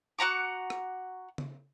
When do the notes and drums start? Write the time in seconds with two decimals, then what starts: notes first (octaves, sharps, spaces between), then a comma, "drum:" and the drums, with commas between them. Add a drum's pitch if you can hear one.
0.19 F#4 F#5 A#5 D6
0.70 drum: rim click
1.38 drum: tom C#3